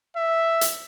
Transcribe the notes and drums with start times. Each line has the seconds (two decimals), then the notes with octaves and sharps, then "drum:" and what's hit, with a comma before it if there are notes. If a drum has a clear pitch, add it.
0.17 E5
0.61 drum: hi-hat